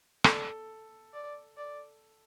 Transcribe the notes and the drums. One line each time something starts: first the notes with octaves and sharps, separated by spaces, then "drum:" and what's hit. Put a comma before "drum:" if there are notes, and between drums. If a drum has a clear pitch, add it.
A4 D5, drum: rim click
D5
D5